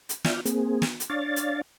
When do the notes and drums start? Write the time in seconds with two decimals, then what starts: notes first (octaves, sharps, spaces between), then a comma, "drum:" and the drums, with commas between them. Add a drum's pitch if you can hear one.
0.09 drum: hi-hat
0.24 F4 D5 E5 F6 G6, drum: snare
0.45 A#3 C4 G#4, drum: hi-hat
0.82 drum: snare
1.00 drum: hi-hat
1.10 D4 C#5 D5 F5 A6
1.36 drum: hi-hat